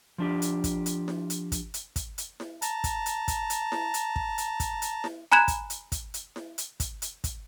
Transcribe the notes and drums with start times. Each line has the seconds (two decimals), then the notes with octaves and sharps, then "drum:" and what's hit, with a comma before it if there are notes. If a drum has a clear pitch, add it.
0.18 F3 D4 G4
0.42 drum: hi-hat
0.64 drum: kick, hi-hat
0.86 drum: hi-hat
1.08 drum: snare E4
1.30 drum: hi-hat
1.52 drum: kick, hi-hat
1.74 drum: hi-hat
1.96 drum: kick, hi-hat
2.18 drum: hi-hat
2.40 drum: snare E4
2.62 A5 A#5, drum: hi-hat
2.84 drum: kick, hi-hat
3.06 drum: hi-hat
3.28 drum: kick, hi-hat
3.50 drum: hi-hat
3.72 drum: snare E4
3.94 drum: hi-hat
4.16 drum: kick
4.38 drum: hi-hat
4.60 drum: kick, hi-hat
4.82 drum: hi-hat
5.04 drum: snare E4
5.32 G#5 A#5 B5 F#6 G#6 E7
5.48 drum: kick, hi-hat
5.70 drum: hi-hat
5.92 drum: kick, hi-hat
6.14 drum: hi-hat
6.36 drum: snare E4
6.58 drum: hi-hat
6.80 drum: kick, hi-hat
7.02 drum: hi-hat
7.24 drum: kick, hi-hat